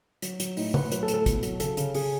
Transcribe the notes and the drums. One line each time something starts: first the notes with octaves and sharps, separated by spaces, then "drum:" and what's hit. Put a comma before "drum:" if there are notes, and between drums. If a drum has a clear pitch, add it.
F#3, drum: hi-hat
F#3, drum: hi-hat
A2 D#4, drum: open hi-hat
A2 B4, drum: tom
F#3 B4, drum: hi-hat
A4
A2, drum: hi-hat
A4
B2, drum: kick, hi-hat
F#3, drum: hi-hat
C#3 A4, drum: hi-hat
C#3, drum: hi-hat
C#3 G#4, drum: open hi-hat